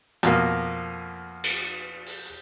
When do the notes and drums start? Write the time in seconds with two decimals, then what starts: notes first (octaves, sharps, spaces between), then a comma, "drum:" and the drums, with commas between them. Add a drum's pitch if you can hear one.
0.23 F2 B2 A#3, drum: hi-hat
1.44 drum: cymbal
2.06 drum: open hi-hat